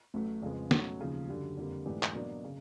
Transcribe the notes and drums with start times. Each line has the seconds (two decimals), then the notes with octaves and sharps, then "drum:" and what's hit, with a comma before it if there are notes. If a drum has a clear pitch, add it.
0.14 A1 A2 F#3 A3
0.42 F2 C#3 F3 G#3 B3
0.71 B2 F#3 A3 C#4 F#4, drum: snare
1.00 D#2 C#3 F3
1.28 F#2 D3 G3
1.57 F2 D3 G3 A#3
1.86 G#2 E3 A3 D4 G4
2.03 drum: clap
2.14 B2 F#3 A#3 D4
2.44 C#3